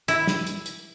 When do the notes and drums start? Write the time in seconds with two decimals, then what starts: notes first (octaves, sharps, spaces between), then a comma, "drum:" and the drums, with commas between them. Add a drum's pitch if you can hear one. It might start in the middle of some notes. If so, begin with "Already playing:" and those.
0.08 E4, drum: hi-hat
0.27 drum: snare
0.47 drum: hi-hat
0.66 drum: hi-hat